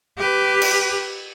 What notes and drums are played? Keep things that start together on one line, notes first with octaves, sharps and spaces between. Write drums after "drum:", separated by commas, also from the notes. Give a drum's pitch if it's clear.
G4 B4
drum: cymbal